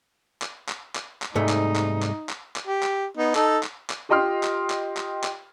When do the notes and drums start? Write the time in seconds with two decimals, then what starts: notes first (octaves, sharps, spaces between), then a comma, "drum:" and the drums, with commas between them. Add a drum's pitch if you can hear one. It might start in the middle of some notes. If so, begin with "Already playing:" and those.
0.42 drum: clap
0.69 drum: clap
0.95 drum: clap
1.22 drum: clap
1.35 C2 G#2 A3 D#4
1.49 drum: clap
1.76 drum: clap
2.02 drum: clap
2.29 drum: clap
2.56 drum: clap
2.67 G4
2.83 drum: clap
3.17 B3 D#4
3.35 D#4 A4, drum: clap
3.63 drum: clap
3.90 drum: clap
4.09 F4 G4 D#5 G5 C6 F6
4.43 drum: clap
4.70 drum: clap
4.97 drum: clap
5.24 drum: clap